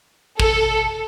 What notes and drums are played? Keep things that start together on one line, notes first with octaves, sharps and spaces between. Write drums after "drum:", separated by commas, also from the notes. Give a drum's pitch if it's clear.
A4, drum: kick